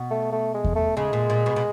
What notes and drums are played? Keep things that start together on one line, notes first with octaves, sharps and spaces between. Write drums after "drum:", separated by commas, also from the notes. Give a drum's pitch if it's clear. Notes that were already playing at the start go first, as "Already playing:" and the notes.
Already playing: B2
A3
A3
G#3
drum: kick E2
A3
C#3 G#3
A#2
A#2
B2
B2